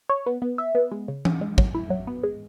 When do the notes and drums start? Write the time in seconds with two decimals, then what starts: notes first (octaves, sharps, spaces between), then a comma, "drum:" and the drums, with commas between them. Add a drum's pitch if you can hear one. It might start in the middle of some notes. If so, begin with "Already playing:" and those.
0.09 C#5
0.26 B3
0.42 B3
0.58 E5
0.75 B3
0.92 G#3
1.08 C#3
1.25 C#4, drum: tom E3
1.41 G#3
1.58 F#3, drum: kick
1.75 E4
1.90 F#3
2.07 B3
2.23 G#3